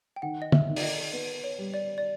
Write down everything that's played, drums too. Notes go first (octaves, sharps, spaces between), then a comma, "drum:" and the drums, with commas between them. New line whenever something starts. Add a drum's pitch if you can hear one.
G5
D#3 F#5
D#5
E5, drum: tom
D#3
D5, drum: open hi-hat
D#5
B3
C#5
G3
D5
D5